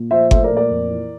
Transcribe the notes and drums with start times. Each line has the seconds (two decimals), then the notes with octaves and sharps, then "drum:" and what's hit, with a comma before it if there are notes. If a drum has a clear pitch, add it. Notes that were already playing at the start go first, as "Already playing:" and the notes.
Already playing: A#2
0.11 F3 C5 E5
0.31 A3 C5 E5, drum: kick G1
0.44 A#4 D5
0.51 A#2
0.57 A#4 D5
0.70 F2
0.90 E3